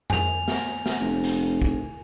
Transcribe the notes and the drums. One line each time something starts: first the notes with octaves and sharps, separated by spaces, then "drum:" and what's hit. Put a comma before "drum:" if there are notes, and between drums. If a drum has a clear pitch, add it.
G#5 F7, drum: tom F2
drum: snare
drum: snare
F1
drum: hi-hat
drum: kick